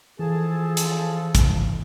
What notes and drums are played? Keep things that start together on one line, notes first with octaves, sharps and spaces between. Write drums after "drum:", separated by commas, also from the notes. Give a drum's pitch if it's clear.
E3 F3 G#4 A4 A5
drum: hi-hat
drum: kick, hi-hat